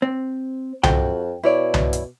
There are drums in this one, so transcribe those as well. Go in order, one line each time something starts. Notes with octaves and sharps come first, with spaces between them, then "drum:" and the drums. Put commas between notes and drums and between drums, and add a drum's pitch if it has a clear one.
C4
F2 F#4 G5, drum: tom C2
B2 E4 C#5 D5
drum: tom C2
drum: hi-hat